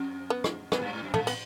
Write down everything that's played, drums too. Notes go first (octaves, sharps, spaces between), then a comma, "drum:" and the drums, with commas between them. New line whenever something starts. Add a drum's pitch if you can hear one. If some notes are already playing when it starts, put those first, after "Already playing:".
Already playing: F2
B3
drum: rim click
F#2 B3, drum: rim click
G2
G#2
F#2
G2 A3, drum: tom
B3, drum: cymbal